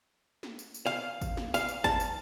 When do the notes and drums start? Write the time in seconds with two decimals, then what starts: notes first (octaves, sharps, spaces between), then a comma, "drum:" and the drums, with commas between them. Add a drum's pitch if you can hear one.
0.43 drum: snare
0.59 drum: tambourine
0.74 drum: tambourine
0.86 F5
1.21 drum: kick G#1, tambourine
1.37 drum: snare
1.54 F5, drum: tambourine
1.69 drum: tambourine
1.84 A5, drum: kick G#1, tambourine
2.00 drum: tambourine